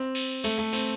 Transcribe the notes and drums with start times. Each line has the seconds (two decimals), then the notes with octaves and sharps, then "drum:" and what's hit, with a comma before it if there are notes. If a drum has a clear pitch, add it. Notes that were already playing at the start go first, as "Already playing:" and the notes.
Already playing: C4
0.15 drum: cymbal
0.44 A3, drum: cymbal
0.58 A3
0.73 C4, drum: cymbal